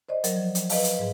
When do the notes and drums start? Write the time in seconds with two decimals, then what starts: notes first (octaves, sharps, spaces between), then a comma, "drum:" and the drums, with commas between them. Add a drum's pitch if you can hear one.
0.09 C5 D5 D#5
0.24 F#3 A#4, drum: hi-hat
0.36 F3
0.55 drum: hi-hat
0.69 B4 D#5 F5, drum: open hi-hat
0.84 drum: hi-hat
0.99 G#2 G#4